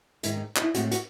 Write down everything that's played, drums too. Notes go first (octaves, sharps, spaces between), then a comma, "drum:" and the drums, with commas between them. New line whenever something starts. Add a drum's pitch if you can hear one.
G#2 D#3 G#3 E4, drum: hi-hat
D#4
D#4, drum: clap
E4
A2 G#3 C4 F#4, drum: hi-hat
F#4, drum: hi-hat